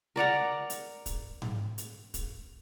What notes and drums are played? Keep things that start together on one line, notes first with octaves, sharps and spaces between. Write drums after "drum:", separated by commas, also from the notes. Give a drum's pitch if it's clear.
A#4 D5 F#5 A#5
drum: hi-hat
drum: kick, hi-hat
drum: tom G#2
drum: hi-hat
drum: kick, hi-hat